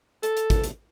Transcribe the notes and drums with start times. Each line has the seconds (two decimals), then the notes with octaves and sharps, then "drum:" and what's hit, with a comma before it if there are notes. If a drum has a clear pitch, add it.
0.23 A4, drum: hi-hat
0.37 drum: hi-hat
0.50 drum: kick, hi-hat
0.64 drum: hi-hat